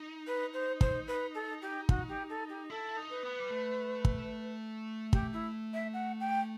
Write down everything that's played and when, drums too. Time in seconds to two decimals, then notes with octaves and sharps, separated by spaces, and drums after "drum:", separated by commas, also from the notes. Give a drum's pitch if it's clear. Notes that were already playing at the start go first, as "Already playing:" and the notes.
Already playing: D#4
0.27 B4
0.54 C5
0.81 C5, drum: kick
1.08 B4
1.35 A4
1.62 G4
1.89 F#4, drum: kick
2.09 G4
2.30 A4
2.49 G4
2.70 E4 A4
2.97 D#4
3.10 B4
3.23 B3
3.39 G3
3.51 A3
4.05 drum: kick
5.13 G4, drum: kick
5.33 E4
5.73 E5
5.94 F#5
6.20 G5